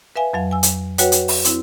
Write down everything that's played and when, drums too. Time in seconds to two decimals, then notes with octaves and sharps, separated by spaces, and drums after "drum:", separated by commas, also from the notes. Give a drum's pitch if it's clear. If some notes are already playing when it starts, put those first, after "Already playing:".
0.16 B4 E5 F5 G#5
0.33 F2 F#3 F5
0.51 G#5 E6
0.63 drum: hi-hat
0.98 F#4 B4 C#5 F#5 G5, drum: hi-hat
1.12 drum: hi-hat
1.28 drum: open hi-hat
1.45 C4 E4, drum: hi-hat